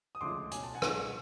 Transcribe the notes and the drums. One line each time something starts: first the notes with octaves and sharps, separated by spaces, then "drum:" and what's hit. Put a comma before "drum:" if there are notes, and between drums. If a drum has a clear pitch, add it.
D#6
D2 C#3 F3 G#3 C6 D6
B1 G#5, drum: hi-hat
A5
F#5 G#5
B2 G#3 C#4 F4, drum: rim click